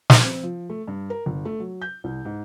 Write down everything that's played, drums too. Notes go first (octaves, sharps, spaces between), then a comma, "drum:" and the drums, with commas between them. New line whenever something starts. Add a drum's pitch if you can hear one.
drum: snare
C4
F3
A3
G2
A#4
G1
A3
F#3
G6
C2
G#2